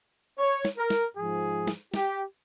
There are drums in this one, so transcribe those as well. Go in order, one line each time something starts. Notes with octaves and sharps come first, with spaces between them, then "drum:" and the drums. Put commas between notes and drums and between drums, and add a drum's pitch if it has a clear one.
C#5
drum: snare
A#4
drum: snare
G#2 F3 G#4
drum: snare
G4, drum: snare